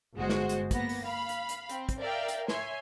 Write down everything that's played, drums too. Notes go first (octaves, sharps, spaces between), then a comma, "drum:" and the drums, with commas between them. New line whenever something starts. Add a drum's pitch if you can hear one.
G1 G#3 F#4 C5
drum: snare
drum: hi-hat
A#3 B3 A#6, drum: kick, hi-hat
drum: open hi-hat
F5 B5
drum: hi-hat
drum: hi-hat
C4, drum: hi-hat
drum: kick, hi-hat
A#4 D5 E5 F5 G5
drum: hi-hat
C#5 E5 G#5 C6, drum: snare